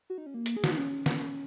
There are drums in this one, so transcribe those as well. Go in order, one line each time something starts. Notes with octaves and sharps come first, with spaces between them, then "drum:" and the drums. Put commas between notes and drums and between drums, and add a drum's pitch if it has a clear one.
F#4
D#4
C#4
A#3
drum: hi-hat
G#4
F#4, drum: snare
D#4
C#4
drum: snare